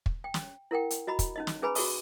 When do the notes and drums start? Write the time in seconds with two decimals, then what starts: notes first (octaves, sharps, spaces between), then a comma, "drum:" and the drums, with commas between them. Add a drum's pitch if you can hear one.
0.06 drum: kick
0.24 G5
0.34 drum: snare
0.71 E4 A#4 F#5 G5
0.91 drum: hi-hat
1.07 F#4 D#5 A#5 B5
1.19 drum: kick, hi-hat
1.36 C#4 D#4 D#5
1.47 drum: snare
1.62 C#4 G#4 B4 G#5 A#5 B5
1.75 F#4 G#4 C6 C#6 D#6, drum: open hi-hat